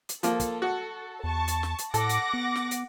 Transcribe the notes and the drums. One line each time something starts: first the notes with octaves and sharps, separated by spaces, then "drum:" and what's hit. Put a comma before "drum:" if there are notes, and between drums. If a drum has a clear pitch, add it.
drum: hi-hat
F3 A#3 A4, drum: hi-hat
drum: kick, hi-hat
F#4
E2 A5 C#6
drum: hi-hat
drum: snare
drum: hi-hat
A2 A4 F#5 D6 A#6, drum: hi-hat
drum: hi-hat
B3
drum: snare
drum: hi-hat